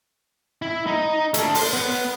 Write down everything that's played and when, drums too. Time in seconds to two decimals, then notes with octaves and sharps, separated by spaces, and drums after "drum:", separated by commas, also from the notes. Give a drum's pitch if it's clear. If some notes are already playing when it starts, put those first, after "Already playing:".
0.62 E4
0.87 D#4
1.34 A3 D4, drum: hi-hat
1.55 C5, drum: open hi-hat
1.73 B3